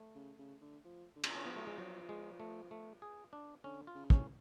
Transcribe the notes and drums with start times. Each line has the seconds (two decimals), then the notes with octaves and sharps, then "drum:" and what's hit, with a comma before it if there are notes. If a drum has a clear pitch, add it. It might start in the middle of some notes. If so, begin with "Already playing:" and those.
Already playing: A3
0.15 C#3
0.38 C#3
0.61 D3
0.85 F3
1.16 D3
1.24 C#3, drum: cymbal
1.32 D3 C#4
1.45 F3 B3
1.56 F#3 A3
1.67 F3 G#3
1.78 F3 F#3
2.09 G#3
2.40 A3
2.71 A3
3.02 G#4
3.33 D4
3.64 D3 C#4
3.87 F4
3.95 C#3
4.10 C#4, drum: kick
4.19 A2